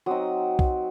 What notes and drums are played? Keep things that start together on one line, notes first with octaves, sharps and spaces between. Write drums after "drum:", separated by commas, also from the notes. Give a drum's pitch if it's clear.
F#3 C4 D#4 D#6
drum: kick B1